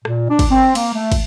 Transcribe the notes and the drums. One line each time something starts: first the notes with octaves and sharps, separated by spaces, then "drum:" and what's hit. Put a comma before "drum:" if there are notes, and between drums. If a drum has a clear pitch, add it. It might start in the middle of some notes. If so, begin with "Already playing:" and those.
A#2, drum: rim click
D4
drum: kick, cymbal
C4
A#3, drum: cymbal
A3
drum: kick, cymbal